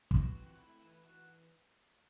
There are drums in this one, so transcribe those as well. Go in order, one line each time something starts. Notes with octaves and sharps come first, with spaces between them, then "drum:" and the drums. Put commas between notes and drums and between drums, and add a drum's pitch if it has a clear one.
E3 F#4, drum: kick
C4
F#4
A3 E4
E3
E3 F#4